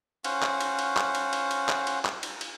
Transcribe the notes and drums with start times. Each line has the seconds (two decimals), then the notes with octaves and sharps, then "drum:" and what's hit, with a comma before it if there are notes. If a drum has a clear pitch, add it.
0.24 C#4 C5 F5 F#5, drum: cymbal
0.43 drum: clap
0.61 drum: cymbal
0.79 drum: cymbal
0.97 drum: clap
1.15 drum: cymbal
1.33 drum: cymbal
1.51 drum: cymbal
1.69 drum: clap
1.87 drum: cymbal
2.05 drum: clap
2.23 drum: cymbal
2.41 drum: cymbal